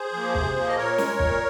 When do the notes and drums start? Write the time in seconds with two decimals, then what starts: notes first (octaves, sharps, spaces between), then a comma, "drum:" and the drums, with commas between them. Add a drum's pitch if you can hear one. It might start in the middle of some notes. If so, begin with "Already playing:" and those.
Already playing: G#4 C5
0.13 F3 A#3
0.35 C3, drum: kick
0.55 F3 A#3
0.68 D#5
0.77 A#2 A#4 C#5
0.98 G#3, drum: snare
1.19 A#2, drum: kick